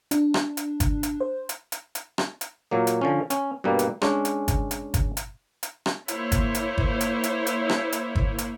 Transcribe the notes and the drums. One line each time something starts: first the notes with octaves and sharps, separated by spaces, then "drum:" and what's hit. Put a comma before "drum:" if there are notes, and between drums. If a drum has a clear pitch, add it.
D4, drum: hi-hat
drum: rim click
drum: hi-hat
drum: kick, hi-hat
drum: hi-hat
C5
drum: hi-hat
drum: hi-hat
drum: hi-hat
drum: rim click
drum: hi-hat
A#2 F#3 A#3
drum: hi-hat
D3 F3 C#4
C#4, drum: hi-hat
G2 B2 G3 A#3
drum: hi-hat
G#3 C#4 D4, drum: rim click
drum: hi-hat
drum: kick, hi-hat
drum: hi-hat
drum: kick, hi-hat
drum: hi-hat
drum: hi-hat
drum: rim click
A#3 E4 C5 C#5, drum: hi-hat
drum: kick, hi-hat
drum: hi-hat
drum: kick
drum: hi-hat
drum: hi-hat
drum: hi-hat
drum: rim click
drum: hi-hat
drum: kick
drum: hi-hat